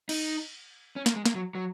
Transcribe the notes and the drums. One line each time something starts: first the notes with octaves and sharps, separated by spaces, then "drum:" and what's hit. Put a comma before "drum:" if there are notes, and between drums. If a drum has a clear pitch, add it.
D#4, drum: cymbal
C#4
A#3, drum: snare
G#3
A#3, drum: snare
F#3
F#3